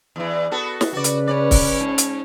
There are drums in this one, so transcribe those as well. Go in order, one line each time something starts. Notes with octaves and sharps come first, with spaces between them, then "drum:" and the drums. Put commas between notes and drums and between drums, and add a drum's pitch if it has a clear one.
E2 E3
B3 F#4 A4
drum: snare
C#3 F#4 B4 D5
drum: hi-hat
C#4 D5
drum: kick C#1, open hi-hat
G#2
drum: hi-hat